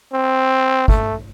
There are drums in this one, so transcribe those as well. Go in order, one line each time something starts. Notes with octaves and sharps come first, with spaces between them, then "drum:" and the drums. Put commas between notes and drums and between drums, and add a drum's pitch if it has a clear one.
C4
A3, drum: kick